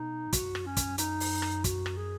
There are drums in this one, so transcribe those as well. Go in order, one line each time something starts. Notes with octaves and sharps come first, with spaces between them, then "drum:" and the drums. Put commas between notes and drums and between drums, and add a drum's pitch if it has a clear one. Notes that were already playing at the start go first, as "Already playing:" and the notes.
Already playing: B2 D#4
F#2 F#4, drum: kick, hi-hat
drum: rim click
C#4
drum: kick, hi-hat
D#4, drum: hi-hat
drum: open hi-hat
drum: rim click
F#4, drum: kick, hi-hat
drum: rim click
G#4